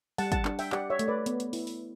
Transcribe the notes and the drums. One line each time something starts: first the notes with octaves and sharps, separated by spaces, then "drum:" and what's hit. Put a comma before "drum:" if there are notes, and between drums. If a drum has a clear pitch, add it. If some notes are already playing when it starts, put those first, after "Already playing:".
G3 F#5 A5, drum: open hi-hat
F#5 A5, drum: kick, hi-hat
D4, drum: clap
E5 G5, drum: open hi-hat
G4 D5 F#5, drum: clap
C#5 E5
A3, drum: hi-hat
B4 D5
B3, drum: hi-hat
drum: hi-hat
E4, drum: open hi-hat
drum: open hi-hat